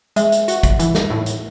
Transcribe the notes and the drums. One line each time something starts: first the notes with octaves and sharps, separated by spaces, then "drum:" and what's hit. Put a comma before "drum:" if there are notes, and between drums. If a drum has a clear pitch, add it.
G#3 E5, drum: hi-hat
drum: hi-hat
F#4, drum: hi-hat
drum: kick G#1, hi-hat
E3, drum: hi-hat
drum: snare
A2
drum: hi-hat